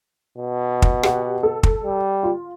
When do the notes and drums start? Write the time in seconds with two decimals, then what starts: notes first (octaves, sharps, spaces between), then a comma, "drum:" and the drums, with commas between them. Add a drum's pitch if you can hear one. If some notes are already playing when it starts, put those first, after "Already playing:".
0.38 B2
0.82 drum: kick
1.03 G4 F#5, drum: rim click
1.43 A4
1.63 drum: kick
1.84 G3
2.23 F4